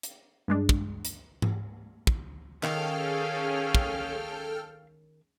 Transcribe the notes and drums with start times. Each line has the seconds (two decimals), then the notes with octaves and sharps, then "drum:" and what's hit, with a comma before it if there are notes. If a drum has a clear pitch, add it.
0.03 drum: hi-hat
0.48 G2 G#3 D4
0.69 drum: kick
1.05 drum: hi-hat
1.42 drum: tom G#2
2.07 drum: kick
2.63 D#3 C#4 G#4 A4 F5 G5 F6, drum: clap
3.75 drum: kick